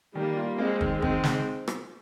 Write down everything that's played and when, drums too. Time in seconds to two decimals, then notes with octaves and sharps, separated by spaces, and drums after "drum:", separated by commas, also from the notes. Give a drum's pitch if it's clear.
0.15 D#3 G3 A#3
0.37 F4
0.58 G#3 A#3 C4
0.81 D#3, drum: kick
1.02 D#3 G#3 C4, drum: kick
1.24 D#4, drum: snare
1.68 drum: rim click